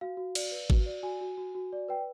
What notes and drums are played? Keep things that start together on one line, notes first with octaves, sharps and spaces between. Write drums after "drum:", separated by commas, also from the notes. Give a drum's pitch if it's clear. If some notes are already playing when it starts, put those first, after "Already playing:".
F#4 F5
F#4
D5, drum: cymbal
B4
F#4, drum: kick G#1
D5
F#4 G#5
F#4
F#4
F#4
D5
B4 G5